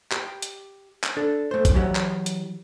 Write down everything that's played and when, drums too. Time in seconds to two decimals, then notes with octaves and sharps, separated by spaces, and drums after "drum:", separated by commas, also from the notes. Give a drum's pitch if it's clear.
0.12 G4, drum: clap
0.42 drum: hi-hat
1.04 drum: clap
1.17 D4 A4
1.51 A3 C5
1.65 drum: kick, hi-hat
1.74 E3 F#3 G4 F#5
1.96 drum: clap
2.26 drum: hi-hat